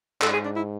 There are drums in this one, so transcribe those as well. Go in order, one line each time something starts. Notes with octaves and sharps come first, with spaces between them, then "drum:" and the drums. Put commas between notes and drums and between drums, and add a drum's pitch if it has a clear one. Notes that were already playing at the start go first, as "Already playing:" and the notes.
G#2 A4, drum: clap
G#4
D4
E4